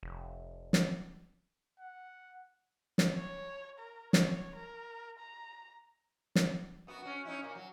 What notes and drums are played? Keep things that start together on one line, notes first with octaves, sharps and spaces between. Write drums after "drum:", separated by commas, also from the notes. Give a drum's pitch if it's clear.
F1
drum: snare
F#5
drum: snare
C#5
A#4
C#5, drum: snare
A#4
A#5
drum: snare
F#2 B3 F#4
C#4 F#4
C#4 D#4 E4
A#2 A#3
F#3